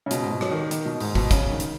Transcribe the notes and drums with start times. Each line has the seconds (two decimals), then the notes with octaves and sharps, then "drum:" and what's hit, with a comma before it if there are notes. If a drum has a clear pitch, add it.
0.06 C#3
0.11 B2, drum: hi-hat
0.22 G#2
0.31 B2
0.41 F#3, drum: rim click
0.51 D#3
0.71 D#3, drum: hi-hat
0.85 B2
1.00 G#2, drum: open hi-hat
1.15 B2, drum: kick
1.31 C#3, drum: kick, hi-hat
1.50 D#3
1.60 drum: hi-hat